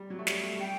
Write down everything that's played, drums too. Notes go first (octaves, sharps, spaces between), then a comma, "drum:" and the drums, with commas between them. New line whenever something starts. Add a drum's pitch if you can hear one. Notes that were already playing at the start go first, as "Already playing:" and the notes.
Already playing: G3
F#3
A3
G3, drum: snare
A3
G3 G5